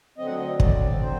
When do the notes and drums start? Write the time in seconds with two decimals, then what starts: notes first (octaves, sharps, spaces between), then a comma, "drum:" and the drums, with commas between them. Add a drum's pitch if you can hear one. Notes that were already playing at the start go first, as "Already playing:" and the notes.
0.18 D2 D3 F#3 C4 D#5
0.27 F#5
0.35 D#5
0.60 D5, drum: kick
1.01 F#3 C4 C5